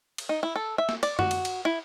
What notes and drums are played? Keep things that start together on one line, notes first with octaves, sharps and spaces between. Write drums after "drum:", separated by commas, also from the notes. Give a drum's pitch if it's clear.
drum: cymbal
D#4
E4
A4
E5
drum: snare
D5, drum: cymbal
F#4, drum: tom
drum: cymbal
drum: cymbal
E4